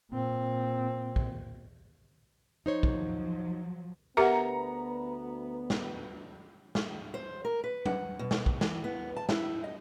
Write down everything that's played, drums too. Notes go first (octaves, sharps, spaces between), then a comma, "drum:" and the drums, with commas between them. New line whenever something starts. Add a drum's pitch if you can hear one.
A#2 C4
drum: kick
F3 F#3 D#4 C5 C#5
drum: kick
D2 B3 G4 A#4 E5 F#5 A#5 C#7
drum: snare
drum: snare
C5
A#4
B4
F#5, drum: tom F#3
B2
drum: snare
drum: kick
E3, drum: snare
B3
A5
E4, drum: snare
D#5